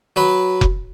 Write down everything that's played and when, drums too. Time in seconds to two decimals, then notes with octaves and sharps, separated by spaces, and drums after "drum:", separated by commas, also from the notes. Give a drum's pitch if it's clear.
0.16 F#3 B4 B5
0.61 drum: kick F1